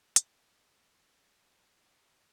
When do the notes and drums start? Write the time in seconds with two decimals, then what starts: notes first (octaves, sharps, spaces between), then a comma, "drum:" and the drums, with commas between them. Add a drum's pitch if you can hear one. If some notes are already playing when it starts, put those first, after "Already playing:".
0.16 C4 G5 A#5, drum: hi-hat